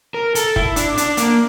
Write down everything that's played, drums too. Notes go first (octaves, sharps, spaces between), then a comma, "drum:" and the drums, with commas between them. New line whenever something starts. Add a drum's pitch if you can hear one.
A#4
A4, drum: hi-hat
E4, drum: kick
D4, drum: hi-hat
D4, drum: hi-hat
A#3, drum: hi-hat